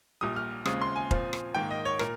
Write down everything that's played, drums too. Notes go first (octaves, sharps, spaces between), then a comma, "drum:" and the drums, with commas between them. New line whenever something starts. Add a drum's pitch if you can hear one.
A#1 A#2 G3 D#6
F6
D#2 C#3 G#3 C4 F4 D#6, drum: rim click
C6
G#5
A#2 F3 C4 F4, drum: kick F1
drum: rim click
G#2 D#3 A#3 G5
D#5
C#5
A#2 A#4, drum: rim click